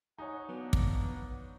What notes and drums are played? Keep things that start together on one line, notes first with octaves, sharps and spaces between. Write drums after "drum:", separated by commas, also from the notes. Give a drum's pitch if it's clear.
D#4 C#5 F#5 G#5 D#6
F#3 A#3 B3 D4
drum: kick